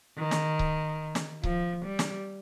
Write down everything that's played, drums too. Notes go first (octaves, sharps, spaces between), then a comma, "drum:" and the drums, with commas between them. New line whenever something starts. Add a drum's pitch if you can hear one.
D#3
drum: snare
drum: kick C#1
drum: snare
F3, drum: kick C#1
G3
drum: snare